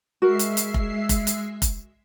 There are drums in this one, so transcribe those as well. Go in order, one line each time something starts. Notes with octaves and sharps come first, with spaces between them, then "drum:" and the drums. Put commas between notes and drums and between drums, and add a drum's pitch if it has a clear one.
G#3 F#4 A#4 E5 C7
drum: hi-hat
drum: hi-hat
drum: kick F1
drum: kick F1, hi-hat
drum: hi-hat
drum: kick F1, hi-hat